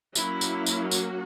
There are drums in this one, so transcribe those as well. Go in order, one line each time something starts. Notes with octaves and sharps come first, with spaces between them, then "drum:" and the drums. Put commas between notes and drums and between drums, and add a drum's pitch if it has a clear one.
F#3 A#3 C#4 E4, drum: tambourine
drum: tambourine
drum: tambourine
F#4, drum: tambourine